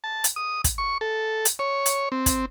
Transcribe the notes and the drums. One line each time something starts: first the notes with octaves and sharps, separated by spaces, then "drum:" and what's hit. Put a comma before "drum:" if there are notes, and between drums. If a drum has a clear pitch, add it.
A5
drum: hi-hat
D#6
drum: kick, hi-hat
C#6
A4
drum: hi-hat
C#5
drum: hi-hat
C4
drum: kick, hi-hat